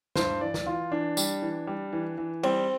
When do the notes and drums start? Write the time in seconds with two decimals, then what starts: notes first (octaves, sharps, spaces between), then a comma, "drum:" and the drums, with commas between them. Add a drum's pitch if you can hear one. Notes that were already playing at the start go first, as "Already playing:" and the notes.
0.16 G2 C5, drum: snare
0.41 E3 D5
0.54 drum: snare
0.66 E3 F4
0.92 E3 D4
1.17 G3, drum: tambourine
1.42 E3
1.67 G3
1.93 E3
2.18 E3
2.43 G3 C4, drum: cymbal